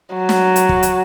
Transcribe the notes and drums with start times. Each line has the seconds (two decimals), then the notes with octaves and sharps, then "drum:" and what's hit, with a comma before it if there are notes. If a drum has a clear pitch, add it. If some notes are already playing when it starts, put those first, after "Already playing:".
0.15 F#3
0.29 drum: snare
0.56 drum: hi-hat
0.69 drum: kick
0.83 drum: hi-hat